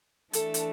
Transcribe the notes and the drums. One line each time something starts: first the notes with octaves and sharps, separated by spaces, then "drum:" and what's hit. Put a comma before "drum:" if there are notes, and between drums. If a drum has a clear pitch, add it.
E3 A3 D4 A4, drum: hi-hat
drum: hi-hat